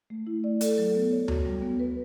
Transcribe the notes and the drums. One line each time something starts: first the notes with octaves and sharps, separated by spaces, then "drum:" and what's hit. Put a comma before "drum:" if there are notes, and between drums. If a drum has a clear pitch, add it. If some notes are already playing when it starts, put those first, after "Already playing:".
A3
E4
D5
A4, drum: hi-hat
F#3
B3
C#5
F#4, drum: tom D2
G3
B3
B4